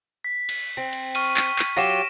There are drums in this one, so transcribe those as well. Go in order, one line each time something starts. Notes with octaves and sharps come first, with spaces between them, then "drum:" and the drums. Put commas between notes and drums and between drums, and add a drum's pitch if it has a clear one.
B6
drum: cymbal
C4
drum: cymbal
C#6 F6 D#7, drum: cymbal
drum: clap
drum: clap
F#3 F4 G4 A#6 D7 E7